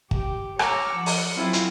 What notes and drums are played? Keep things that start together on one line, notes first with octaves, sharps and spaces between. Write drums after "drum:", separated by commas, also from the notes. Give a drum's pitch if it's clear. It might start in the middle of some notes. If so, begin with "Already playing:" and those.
G4, drum: kick
C#5 A#5 D6 E6 F6, drum: rim click
F3 F#5
drum: open hi-hat
F#3 C4 E4 F4 G#4
drum: hi-hat